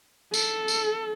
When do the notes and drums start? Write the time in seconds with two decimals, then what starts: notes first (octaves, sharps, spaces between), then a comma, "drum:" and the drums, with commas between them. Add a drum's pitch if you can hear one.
0.34 A4, drum: tambourine
0.68 drum: tambourine